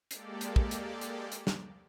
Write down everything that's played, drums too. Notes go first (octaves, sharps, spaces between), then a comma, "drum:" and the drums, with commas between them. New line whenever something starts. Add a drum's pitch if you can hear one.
G#3 A#3 G4 A4 D5, drum: hi-hat
drum: hi-hat
drum: kick
drum: hi-hat
drum: hi-hat
drum: hi-hat
drum: snare